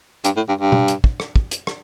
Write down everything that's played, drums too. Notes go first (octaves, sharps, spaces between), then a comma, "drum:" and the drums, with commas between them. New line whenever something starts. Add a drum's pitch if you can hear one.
G2, drum: hi-hat
A2
G2
G2
drum: tom B2
drum: hi-hat
drum: kick
drum: rim click
drum: kick
drum: hi-hat
drum: rim click